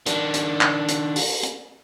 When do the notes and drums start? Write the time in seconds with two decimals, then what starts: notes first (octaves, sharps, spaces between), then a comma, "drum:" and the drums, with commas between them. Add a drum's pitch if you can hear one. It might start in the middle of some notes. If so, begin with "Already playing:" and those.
0.06 D#3 D4, drum: hi-hat
0.34 drum: hi-hat
0.61 drum: clap
0.88 drum: hi-hat
1.16 drum: open hi-hat
1.43 drum: hi-hat